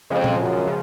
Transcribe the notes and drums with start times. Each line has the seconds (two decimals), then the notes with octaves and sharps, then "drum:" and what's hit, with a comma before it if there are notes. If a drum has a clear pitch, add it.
0.10 F2 C#3 F3 G#3
0.24 drum: tom A#2
0.38 F#2
0.67 C#3 F3